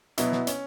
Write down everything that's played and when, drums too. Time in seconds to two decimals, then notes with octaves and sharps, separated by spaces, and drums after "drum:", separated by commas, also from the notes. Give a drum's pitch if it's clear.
0.18 B2 F#3 B3 E4, drum: hi-hat
0.32 drum: snare
0.47 C#4, drum: hi-hat